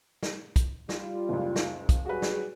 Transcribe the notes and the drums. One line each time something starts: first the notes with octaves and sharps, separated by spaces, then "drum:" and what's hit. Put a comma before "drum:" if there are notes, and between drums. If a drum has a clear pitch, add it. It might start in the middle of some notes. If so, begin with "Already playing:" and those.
drum: snare
drum: kick, hi-hat
G3 F4, drum: snare
F#1 C#2
drum: snare
drum: kick, hi-hat
F#3 G3 F#4 G#4 B4
drum: snare